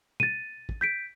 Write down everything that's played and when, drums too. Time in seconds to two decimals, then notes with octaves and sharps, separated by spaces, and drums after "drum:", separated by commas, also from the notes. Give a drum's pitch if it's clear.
0.20 A6 D#7, drum: tom
0.69 drum: kick
0.81 G6 B6 D7